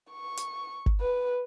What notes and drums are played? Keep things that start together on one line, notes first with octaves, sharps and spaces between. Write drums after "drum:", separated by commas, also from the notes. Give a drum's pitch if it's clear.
C#6
drum: hi-hat
drum: kick G1
B4